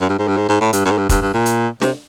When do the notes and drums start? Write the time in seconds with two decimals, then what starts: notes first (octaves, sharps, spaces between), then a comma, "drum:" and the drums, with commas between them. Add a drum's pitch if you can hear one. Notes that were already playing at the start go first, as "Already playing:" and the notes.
0.01 F#2
0.09 G2
0.19 G#2
0.28 G2
0.37 G#2
0.49 G#2
0.61 A2
0.73 G2, drum: hi-hat
0.85 F#2
0.91 G#2
0.98 G2
1.09 G2, drum: kick, hi-hat
1.22 G2
1.34 A#2
1.46 drum: hi-hat
1.82 C3, drum: snare